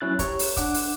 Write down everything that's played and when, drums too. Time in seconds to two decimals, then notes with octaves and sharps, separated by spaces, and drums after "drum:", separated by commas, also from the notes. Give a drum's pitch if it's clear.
0.01 F#3 C#4 E4 F#6 A6
0.19 G4 C#5 A#5, drum: kick, hi-hat
0.39 drum: open hi-hat
0.57 D4 F#5 D6, drum: kick, hi-hat
0.74 drum: open hi-hat